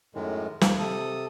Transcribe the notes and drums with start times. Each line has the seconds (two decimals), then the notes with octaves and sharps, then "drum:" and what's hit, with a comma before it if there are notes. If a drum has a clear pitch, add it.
0.15 F#2 A2 D#3 G#3
0.61 D#2 F3 A#3, drum: snare
0.79 C3 A4 D#6